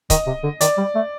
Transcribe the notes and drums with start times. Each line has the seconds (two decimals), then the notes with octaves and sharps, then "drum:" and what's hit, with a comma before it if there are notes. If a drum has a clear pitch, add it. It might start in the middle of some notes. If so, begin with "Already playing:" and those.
0.10 D#3 D#5, drum: kick, hi-hat
0.26 C3
0.43 D3
0.61 D#3 D5, drum: hi-hat
0.78 G3
0.95 A3